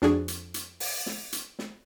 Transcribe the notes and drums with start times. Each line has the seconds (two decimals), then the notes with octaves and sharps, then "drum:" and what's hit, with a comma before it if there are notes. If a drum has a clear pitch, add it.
0.02 F2 D4 F#4 G#4, drum: snare
0.28 drum: hi-hat
0.54 drum: hi-hat
0.80 drum: open hi-hat
1.06 drum: snare
1.33 drum: hi-hat
1.59 drum: snare